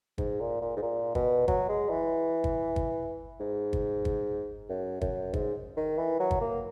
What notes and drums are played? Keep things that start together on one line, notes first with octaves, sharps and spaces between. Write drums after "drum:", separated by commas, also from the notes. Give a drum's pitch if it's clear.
G#2, drum: kick
A#2
A#2
G#2
A#2
B2, drum: kick
F#3, drum: kick
G#3
E3
drum: kick
drum: kick
G#2
drum: kick
drum: kick
F#2
F#2, drum: kick
G#2, drum: kick
D#3
E3
F#3
drum: kick
A#3